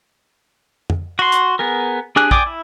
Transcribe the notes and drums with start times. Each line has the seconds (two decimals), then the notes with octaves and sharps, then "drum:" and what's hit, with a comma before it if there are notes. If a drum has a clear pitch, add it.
0.90 drum: tom F2
1.19 F#4 C6
1.32 drum: hi-hat
1.59 B3 G#4 A#4
2.16 D4 G4 G#4 G#5 F#6
2.31 D5 G5 G#5 D6 D#6, drum: kick
2.46 E4